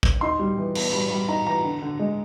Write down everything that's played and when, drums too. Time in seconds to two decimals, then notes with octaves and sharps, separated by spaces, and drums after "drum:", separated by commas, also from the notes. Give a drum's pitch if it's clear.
0.03 drum: kick
0.21 D#4 C6
0.39 G3
0.57 E3
0.75 B3, drum: cymbal
0.93 G3 B5
1.10 G3 B5
1.28 D#4 A#5
1.46 E3 A#5
1.64 D3
1.82 D3
1.99 G#3